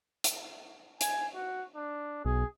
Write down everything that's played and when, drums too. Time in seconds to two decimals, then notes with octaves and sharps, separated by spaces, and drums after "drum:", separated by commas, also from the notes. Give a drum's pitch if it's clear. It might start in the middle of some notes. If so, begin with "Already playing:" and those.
0.24 drum: hi-hat
1.01 G#5, drum: hi-hat
1.34 F#4
1.76 D4
2.25 B1 G#4